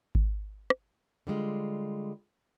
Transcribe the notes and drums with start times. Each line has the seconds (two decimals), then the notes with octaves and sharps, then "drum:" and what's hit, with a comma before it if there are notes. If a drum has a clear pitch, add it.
0.15 drum: kick G#1
0.70 drum: rim click
1.27 D3 G3 G#3 F4